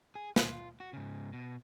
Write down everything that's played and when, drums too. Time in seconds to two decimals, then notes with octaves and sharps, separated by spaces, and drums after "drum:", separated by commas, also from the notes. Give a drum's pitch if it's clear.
0.15 G#4
0.36 F4, drum: snare
0.80 F#4
0.93 G#2 C#3
1.33 B2